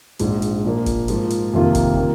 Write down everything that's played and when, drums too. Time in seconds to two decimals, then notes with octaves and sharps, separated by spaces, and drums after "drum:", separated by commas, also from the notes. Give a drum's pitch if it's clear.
0.19 A#1 G#2 F3, drum: hi-hat
0.42 drum: hi-hat
0.64 A#2 F3 A#3
0.86 drum: kick, hi-hat
1.08 G#2 F3 A#3, drum: hi-hat
1.30 drum: hi-hat
1.53 F2 C3 D#3 A#3 F4
1.75 drum: kick, hi-hat
1.97 D#3 A#3